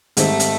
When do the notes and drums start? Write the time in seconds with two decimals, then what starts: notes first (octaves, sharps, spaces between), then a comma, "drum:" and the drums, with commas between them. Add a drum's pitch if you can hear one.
0.17 G#2 D#3 G3 A3 C4, drum: hi-hat
0.40 drum: hi-hat